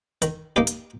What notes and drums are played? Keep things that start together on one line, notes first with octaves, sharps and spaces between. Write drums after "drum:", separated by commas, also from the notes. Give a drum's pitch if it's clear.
D#3, drum: hi-hat
A#3 D#4 G4
drum: hi-hat